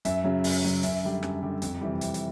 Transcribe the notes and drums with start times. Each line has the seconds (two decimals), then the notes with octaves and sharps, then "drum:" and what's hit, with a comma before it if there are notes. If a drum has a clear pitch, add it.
0.05 F#2 E5, drum: hi-hat
0.24 C#3 F#3
0.44 F#2, drum: open hi-hat
0.64 C#3 F#3
0.83 F#2 E5, drum: hi-hat
1.03 D3 G3
1.23 F#2, drum: rim click
1.43 D3 G3
1.62 F2, drum: hi-hat
1.81 C3 E3 G3
2.01 F2, drum: hi-hat
2.14 drum: hi-hat